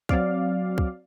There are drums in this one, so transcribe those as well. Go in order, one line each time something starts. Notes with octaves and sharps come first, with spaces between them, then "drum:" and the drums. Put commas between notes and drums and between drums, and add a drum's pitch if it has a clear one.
F#3 C4 D5 F5, drum: kick
drum: kick